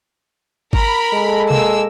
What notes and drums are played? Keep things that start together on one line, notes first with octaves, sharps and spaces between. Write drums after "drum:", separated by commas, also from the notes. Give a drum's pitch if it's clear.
A#4 B5, drum: kick G#1
G#3 A4
A#3 E6, drum: tom B2